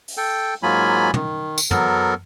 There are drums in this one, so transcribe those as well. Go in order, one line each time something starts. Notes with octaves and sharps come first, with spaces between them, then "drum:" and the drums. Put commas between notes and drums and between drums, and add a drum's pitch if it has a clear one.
drum: open hi-hat
A4 G5
G#2 F#3 A#3 F4 G#5 B5
D#3, drum: tom
drum: tambourine
F#3 B3 A4 A#4, drum: tom